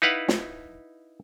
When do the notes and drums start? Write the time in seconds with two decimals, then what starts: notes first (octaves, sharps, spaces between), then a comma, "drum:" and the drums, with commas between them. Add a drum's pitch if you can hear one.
0.02 D#4 E4 B4 F5 F#5
0.28 drum: snare